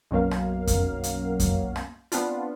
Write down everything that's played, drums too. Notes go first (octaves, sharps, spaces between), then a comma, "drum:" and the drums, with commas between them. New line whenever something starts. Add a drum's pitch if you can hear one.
B1 F#2 F#3 A#3 F5
drum: rim click
drum: kick F2, hi-hat
drum: hi-hat
drum: kick F2, hi-hat
drum: rim click
B3 C4 D4 F4, drum: hi-hat